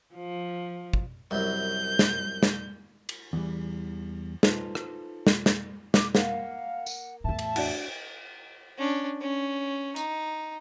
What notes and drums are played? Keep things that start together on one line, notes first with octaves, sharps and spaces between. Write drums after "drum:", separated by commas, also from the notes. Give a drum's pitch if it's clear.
F3
drum: kick
C2 F#2 G6
drum: snare
drum: snare
drum: cymbal
E2 E3 G3
D#4 F4 A4 B4 C5, drum: snare
drum: rim click
drum: snare
drum: snare
D6, drum: snare
A#3 F5 F#5, drum: snare
drum: tambourine
E2 A2 E5 A5
drum: cymbal
D4 F#4, drum: cymbal
C#4 D4
C#4
D#4, drum: hi-hat